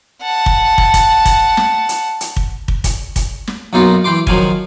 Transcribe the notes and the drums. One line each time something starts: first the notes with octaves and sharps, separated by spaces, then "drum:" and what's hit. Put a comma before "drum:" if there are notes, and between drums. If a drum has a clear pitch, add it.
F#5 A5
drum: kick
drum: kick
drum: kick, hi-hat
drum: kick, hi-hat
drum: snare
drum: hi-hat
drum: hi-hat
drum: kick
drum: kick
drum: kick, hi-hat
drum: kick, hi-hat
drum: snare
B1 F#2 A#3 D#4 F4 F#4
E3 G5 C6 D6
D#3 F3 F#3 F5 G#5, drum: kick